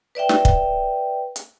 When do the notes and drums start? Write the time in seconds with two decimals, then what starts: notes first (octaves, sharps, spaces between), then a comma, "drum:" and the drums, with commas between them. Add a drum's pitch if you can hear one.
0.15 B4 D5 E5 G5
0.29 drum: snare
0.45 drum: kick
1.36 drum: hi-hat